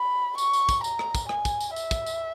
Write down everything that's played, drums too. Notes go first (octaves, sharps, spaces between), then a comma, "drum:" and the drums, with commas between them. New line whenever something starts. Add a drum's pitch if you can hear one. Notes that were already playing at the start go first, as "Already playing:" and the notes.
Already playing: B5
C#6, drum: tambourine
drum: tambourine
drum: kick, tambourine
A#5, drum: tambourine
drum: rim click
drum: kick, tambourine
G#5, drum: rim click
drum: kick, tambourine
drum: tambourine
E5, drum: tambourine
drum: kick, tambourine
drum: tambourine